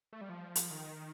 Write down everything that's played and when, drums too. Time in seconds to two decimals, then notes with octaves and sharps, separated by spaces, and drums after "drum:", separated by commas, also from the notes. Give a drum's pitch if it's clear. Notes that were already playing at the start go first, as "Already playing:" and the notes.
0.13 A3
0.21 G3
0.29 F3
0.56 drum: hi-hat
0.71 D#3